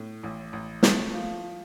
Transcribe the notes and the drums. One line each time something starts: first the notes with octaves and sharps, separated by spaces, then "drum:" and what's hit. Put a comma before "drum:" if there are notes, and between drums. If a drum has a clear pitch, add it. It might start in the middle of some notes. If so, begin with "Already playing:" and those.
Already playing: A2
A1
A1
A3, drum: snare
F3